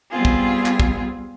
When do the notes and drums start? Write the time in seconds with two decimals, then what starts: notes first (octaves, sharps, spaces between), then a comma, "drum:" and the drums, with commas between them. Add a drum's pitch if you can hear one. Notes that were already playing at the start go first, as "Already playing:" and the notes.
0.11 G3 B3 C4 F4 G#4
0.25 drum: kick
0.66 drum: clap
0.80 drum: kick